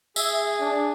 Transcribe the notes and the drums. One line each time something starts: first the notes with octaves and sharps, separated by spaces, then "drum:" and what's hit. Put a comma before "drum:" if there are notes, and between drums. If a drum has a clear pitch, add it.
G#4 E5, drum: tambourine
D4